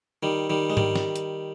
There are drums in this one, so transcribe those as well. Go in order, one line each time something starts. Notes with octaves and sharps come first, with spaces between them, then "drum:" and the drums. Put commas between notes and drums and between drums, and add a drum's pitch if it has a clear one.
D#3 G3
D#3 G3
G#3
D#3 G3, drum: tom G#2
drum: snare
drum: hi-hat